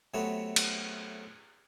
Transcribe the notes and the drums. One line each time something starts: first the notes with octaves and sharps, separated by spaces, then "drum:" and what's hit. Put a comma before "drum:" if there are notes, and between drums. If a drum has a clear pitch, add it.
C3 F#3 A3 B3 F#5
drum: cymbal